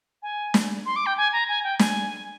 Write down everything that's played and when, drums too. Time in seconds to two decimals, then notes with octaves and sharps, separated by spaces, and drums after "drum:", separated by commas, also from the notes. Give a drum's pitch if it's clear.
0.23 G#5
0.54 drum: snare
0.86 C6
0.96 D6
1.06 G5
1.17 G#5
1.33 A#5
1.49 G#5
1.64 G5
1.79 G#5, drum: snare